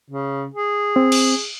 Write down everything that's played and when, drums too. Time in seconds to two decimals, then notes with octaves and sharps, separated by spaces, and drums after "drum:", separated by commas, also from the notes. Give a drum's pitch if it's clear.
0.10 C#3
0.54 G#4
0.96 C4
1.12 drum: cymbal